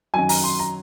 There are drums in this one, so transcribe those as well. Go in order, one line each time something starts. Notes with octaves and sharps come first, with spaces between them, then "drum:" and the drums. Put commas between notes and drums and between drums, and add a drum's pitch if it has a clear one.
F#2 D#3 F#3 G#5
A#5, drum: open hi-hat
C6
A#5